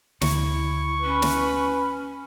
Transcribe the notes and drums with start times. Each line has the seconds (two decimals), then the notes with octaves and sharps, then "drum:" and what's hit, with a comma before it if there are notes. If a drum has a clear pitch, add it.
0.21 D2 E4 C#6, drum: snare
1.04 C#4 B4 B5
1.22 drum: snare